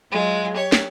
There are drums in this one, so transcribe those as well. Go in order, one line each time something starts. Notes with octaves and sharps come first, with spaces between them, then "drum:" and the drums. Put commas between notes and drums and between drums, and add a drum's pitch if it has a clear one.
F#3 G#3 F4
G4 C#5
drum: snare